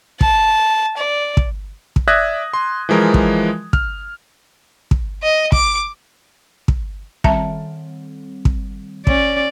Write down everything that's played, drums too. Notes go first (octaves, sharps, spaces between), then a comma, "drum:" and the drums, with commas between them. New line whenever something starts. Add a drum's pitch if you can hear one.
A5, drum: kick
D5
drum: kick
drum: kick
D5 E5 D#6 F#6 G#6 A#6
C6
E3 F3 G#3 A#4
drum: kick
F6, drum: kick
drum: kick
D#5
D6, drum: kick
drum: kick
D#3 G3 C4 E5 A5 A#5, drum: kick
drum: kick
C#4 C#5 D5, drum: kick